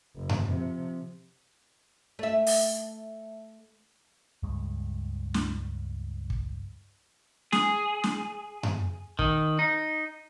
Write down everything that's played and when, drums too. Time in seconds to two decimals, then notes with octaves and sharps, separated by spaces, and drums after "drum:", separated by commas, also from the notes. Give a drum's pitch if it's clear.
0.17 F#1
0.29 drum: tom F#2
0.47 C3 F3
2.19 A3 E5
2.47 drum: open hi-hat
4.43 C#2 G2 G#3
5.34 drum: snare
6.30 drum: kick
7.52 G#4, drum: snare
8.04 drum: snare
8.63 drum: tom F#2
9.19 D#3, drum: kick
9.59 D#4